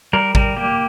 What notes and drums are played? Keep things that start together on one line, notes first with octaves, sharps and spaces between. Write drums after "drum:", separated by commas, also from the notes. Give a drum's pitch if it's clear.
G3 A#4
G3 A#4, drum: kick A1
A#3 G4